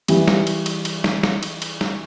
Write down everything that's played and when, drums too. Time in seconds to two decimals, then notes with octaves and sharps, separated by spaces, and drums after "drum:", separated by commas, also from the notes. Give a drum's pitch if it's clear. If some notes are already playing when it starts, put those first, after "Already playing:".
0.08 E3 G3, drum: cymbal
0.28 drum: snare
0.47 drum: cymbal
0.66 drum: cymbal
0.85 drum: cymbal
1.04 drum: snare
1.23 drum: snare
1.43 drum: cymbal
1.62 drum: cymbal
1.81 drum: snare